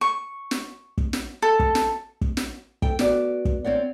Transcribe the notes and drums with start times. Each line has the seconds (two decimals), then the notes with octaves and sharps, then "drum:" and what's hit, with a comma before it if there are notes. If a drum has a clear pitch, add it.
0.01 C#6
0.51 drum: snare
0.98 drum: kick
1.13 drum: snare
1.42 A4
1.59 drum: kick
1.75 drum: snare
2.21 drum: kick
2.37 drum: snare
2.82 A4 G5, drum: kick
2.99 B3 F#4 D5, drum: snare
3.45 drum: kick
3.65 C4 C#5 D5 F#5